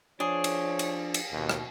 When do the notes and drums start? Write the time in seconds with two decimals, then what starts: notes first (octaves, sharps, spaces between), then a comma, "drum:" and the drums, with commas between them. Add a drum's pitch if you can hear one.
0.20 F3 D4 G#4 C#5
0.44 drum: cymbal
0.79 drum: cymbal
1.14 drum: cymbal
1.32 D#2 B2
1.49 drum: rim click